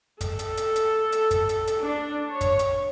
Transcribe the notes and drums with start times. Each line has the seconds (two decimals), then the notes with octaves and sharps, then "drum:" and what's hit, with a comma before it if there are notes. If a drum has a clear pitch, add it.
0.21 A4, drum: kick, hi-hat
0.39 drum: hi-hat
0.57 drum: hi-hat
0.76 drum: hi-hat
1.12 drum: hi-hat
1.31 drum: kick, hi-hat
1.49 drum: hi-hat
1.67 drum: hi-hat
1.79 D4
2.29 C#5
2.41 drum: kick, hi-hat
2.59 drum: hi-hat